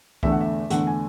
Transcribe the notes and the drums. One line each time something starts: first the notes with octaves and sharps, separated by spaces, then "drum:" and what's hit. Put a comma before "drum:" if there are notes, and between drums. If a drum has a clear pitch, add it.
E2 D3 A3 E5, drum: kick C2
F#5
E5
E2 D3 A3 F#5, drum: hi-hat
G#5